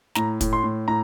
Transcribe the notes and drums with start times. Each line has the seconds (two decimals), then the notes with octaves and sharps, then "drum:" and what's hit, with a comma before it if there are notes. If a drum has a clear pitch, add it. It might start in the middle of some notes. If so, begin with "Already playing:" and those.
0.15 A2 A#5, drum: snare
0.41 A2, drum: kick, hi-hat
0.53 C6
0.64 A2
0.88 A2 A#5